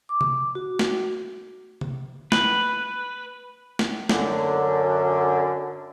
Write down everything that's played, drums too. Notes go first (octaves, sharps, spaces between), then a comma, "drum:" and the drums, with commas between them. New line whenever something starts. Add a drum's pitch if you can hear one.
D6
drum: tom C3
F#4
drum: snare
drum: tom C3
B4, drum: snare
drum: snare
F#2 D3, drum: snare